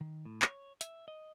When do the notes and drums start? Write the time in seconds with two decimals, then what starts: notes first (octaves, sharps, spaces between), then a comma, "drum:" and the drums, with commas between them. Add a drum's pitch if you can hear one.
0.01 D#3
0.25 A2
0.42 C#5, drum: clap
0.81 E5, drum: hi-hat
1.08 D#5